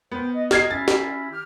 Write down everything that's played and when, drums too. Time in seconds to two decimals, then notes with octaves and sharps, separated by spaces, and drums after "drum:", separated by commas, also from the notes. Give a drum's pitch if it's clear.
0.12 B3 A#4 C5 G5
0.34 D#5
0.51 F6 G#6 C7, drum: snare
0.71 C#4 E4 B5 A6
0.88 drum: snare
1.30 D#3 G4 F6